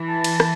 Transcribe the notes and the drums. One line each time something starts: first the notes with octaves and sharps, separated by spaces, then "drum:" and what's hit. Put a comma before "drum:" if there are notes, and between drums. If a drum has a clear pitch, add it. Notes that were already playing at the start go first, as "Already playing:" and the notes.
Already playing: E3
A5
drum: cymbal
drum: rim click